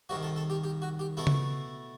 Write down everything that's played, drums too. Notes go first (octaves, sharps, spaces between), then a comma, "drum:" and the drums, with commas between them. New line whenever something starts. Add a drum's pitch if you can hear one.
C2 C3 D#3 F#4
A4
A4
G4
G4
F#4
G4
B2 A3 E4 A4
drum: tom C#3